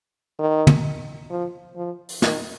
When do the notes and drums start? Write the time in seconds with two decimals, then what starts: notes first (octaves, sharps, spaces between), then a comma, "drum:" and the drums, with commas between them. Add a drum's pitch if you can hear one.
0.39 D#3
0.67 drum: tom
1.30 F3
1.76 F3
2.09 drum: open hi-hat
2.22 D#3, drum: snare